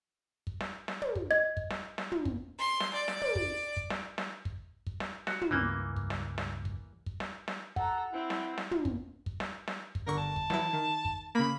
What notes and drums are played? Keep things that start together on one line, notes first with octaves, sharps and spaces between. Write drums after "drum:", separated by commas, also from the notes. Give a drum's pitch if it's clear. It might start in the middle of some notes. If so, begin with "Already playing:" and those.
drum: kick
drum: snare
drum: snare
drum: tom
drum: kick
D#5 G#6
drum: kick
drum: snare
drum: snare
drum: tom
drum: kick
C6
drum: snare
D5
drum: snare
drum: tom
drum: kick
drum: kick
drum: snare
drum: snare
drum: kick
drum: kick
drum: snare
F#4, drum: snare
drum: tom
C#2 G2 C#3 E3 A#3
drum: kick
drum: snare
drum: snare
drum: kick
drum: kick
drum: snare
drum: snare
A4 F#5 A#5, drum: kick
C4 E4
drum: snare
drum: snare
drum: tom
drum: kick
drum: kick
drum: snare
drum: snare
drum: kick
G1 D3 A#4 C#6
A5
drum: kick
E3 F#3 E4, drum: snare
D#3
drum: kick
C#3 A#3 B5